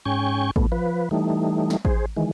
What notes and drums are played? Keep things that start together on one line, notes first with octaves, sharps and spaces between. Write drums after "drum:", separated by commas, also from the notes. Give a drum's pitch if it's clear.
G#2 C#4 G5 G#5 C#6
A2 A3 B3, drum: kick A1
F3 B4
E3 G3 A3 D#4
drum: snare
G#4 C5, drum: kick A1
D#3 E3 G#3